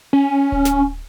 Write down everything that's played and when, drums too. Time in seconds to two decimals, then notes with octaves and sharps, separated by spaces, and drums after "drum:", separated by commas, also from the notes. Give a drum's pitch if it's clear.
0.13 C#4
0.52 drum: kick D1
0.65 drum: snare